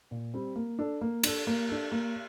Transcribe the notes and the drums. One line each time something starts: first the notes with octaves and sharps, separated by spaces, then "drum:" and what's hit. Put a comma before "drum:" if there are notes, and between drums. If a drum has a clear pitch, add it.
A#2
G3 C4
A#3
D4 A4
A#3
D4 A4, drum: cymbal
A#3
D4 A4
A#3